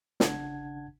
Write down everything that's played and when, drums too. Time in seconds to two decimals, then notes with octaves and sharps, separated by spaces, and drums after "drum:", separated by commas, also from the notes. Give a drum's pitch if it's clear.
0.20 G#1 C#3 D4 F#5 A5 G#6, drum: snare